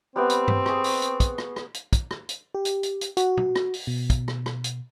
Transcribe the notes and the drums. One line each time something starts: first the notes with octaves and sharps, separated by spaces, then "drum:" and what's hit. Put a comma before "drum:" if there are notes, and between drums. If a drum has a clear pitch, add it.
G3 B3 C4 G5
drum: hi-hat
drum: tom G2
G#4 C#6, drum: rim click
drum: open hi-hat
drum: hi-hat
drum: kick, hi-hat
drum: rim click
drum: rim click
drum: hi-hat
drum: kick, hi-hat
drum: rim click
drum: hi-hat
G4
drum: hi-hat
drum: hi-hat
drum: hi-hat
F#4, drum: hi-hat
drum: tom
drum: rim click
drum: open hi-hat
B2
drum: kick, hi-hat
drum: rim click
drum: rim click
drum: hi-hat